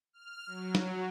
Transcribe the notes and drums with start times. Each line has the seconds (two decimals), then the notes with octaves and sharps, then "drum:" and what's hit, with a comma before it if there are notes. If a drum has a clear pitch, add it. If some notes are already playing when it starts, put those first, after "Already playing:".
0.13 F6
0.47 F#3
0.75 drum: snare